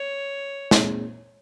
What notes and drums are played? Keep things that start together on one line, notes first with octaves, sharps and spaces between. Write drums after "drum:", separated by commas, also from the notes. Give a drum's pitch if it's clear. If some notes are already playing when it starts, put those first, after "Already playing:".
Already playing: C#5
A#2 G#3 C4 D#4 G#4, drum: snare